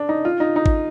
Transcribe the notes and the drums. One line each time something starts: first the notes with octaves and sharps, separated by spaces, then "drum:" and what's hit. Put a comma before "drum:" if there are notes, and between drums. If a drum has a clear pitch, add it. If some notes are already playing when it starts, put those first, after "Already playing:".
Already playing: D4
D#4
F4
D#4
D#4
drum: kick G#1